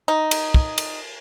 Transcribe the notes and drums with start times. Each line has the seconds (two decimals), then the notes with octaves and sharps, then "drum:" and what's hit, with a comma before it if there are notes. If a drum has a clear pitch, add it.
0.08 D#4
0.31 drum: cymbal
0.54 drum: kick
0.78 drum: cymbal